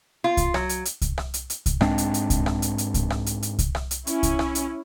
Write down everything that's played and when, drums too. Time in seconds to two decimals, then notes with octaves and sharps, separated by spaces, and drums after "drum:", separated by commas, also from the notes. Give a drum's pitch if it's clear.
0.24 F4
0.37 drum: kick C2, hi-hat
0.54 F#3, drum: rim click
0.69 drum: hi-hat
0.85 drum: hi-hat
1.01 drum: kick C2, hi-hat
1.18 drum: rim click
1.34 drum: hi-hat
1.50 drum: hi-hat
1.66 drum: kick C2, hi-hat
1.81 G#2 G#3 C4 D4, drum: rim click
1.98 drum: hi-hat
2.14 drum: hi-hat
2.30 drum: kick C2, hi-hat
2.46 drum: rim click
2.62 drum: hi-hat
2.78 drum: hi-hat
2.94 drum: kick C2, hi-hat
3.10 drum: rim click
3.26 drum: hi-hat
3.43 drum: hi-hat
3.59 drum: kick C2, hi-hat
3.75 drum: rim click
3.91 drum: hi-hat
4.07 C#4 E4, drum: hi-hat
4.23 drum: kick C2, hi-hat
4.39 drum: rim click
4.55 drum: hi-hat